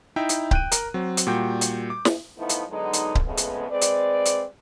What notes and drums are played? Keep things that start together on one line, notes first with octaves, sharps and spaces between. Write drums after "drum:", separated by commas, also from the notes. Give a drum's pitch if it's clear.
D#4 E4 E5 G5
drum: hi-hat
G5 F#6 D#7, drum: kick C#1
A#4, drum: hi-hat
F#3 C4
drum: hi-hat
A#2 G3 F#4 G5 G6
drum: hi-hat
D6
drum: snare
F3 A3 B3 D#4 E4
drum: hi-hat
D3 F#3 G#3 B3 D#4
drum: hi-hat
drum: kick C#1
F2 C#3 G#3 A3 B3
drum: hi-hat
G#3 C4 B4 D5
drum: hi-hat
drum: hi-hat